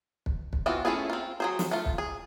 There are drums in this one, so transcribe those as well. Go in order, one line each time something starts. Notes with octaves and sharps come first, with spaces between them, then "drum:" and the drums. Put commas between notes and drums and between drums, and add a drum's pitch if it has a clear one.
drum: kick
drum: kick
E3 B3 C4 F4 F#4
A3 C#4 E4 F4 G#4
C4 F4
F#3 G#4 C5
drum: snare
A3 F4
drum: kick
G#4